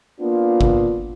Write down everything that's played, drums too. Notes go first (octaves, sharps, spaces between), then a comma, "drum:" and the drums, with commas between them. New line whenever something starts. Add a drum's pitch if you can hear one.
A#3 B3 D4 F4
drum: kick G1